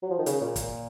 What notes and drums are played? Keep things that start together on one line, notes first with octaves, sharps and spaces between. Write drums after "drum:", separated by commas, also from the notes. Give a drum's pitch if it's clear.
F#3
F3
D#3
C#3, drum: hi-hat
A#2
drum: kick, hi-hat